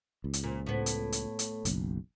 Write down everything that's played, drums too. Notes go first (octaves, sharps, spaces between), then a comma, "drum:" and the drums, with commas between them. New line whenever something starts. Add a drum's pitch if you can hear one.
C#2
drum: hi-hat
A#2
A2 B3
drum: hi-hat
drum: hi-hat
drum: hi-hat
F#1 B1, drum: hi-hat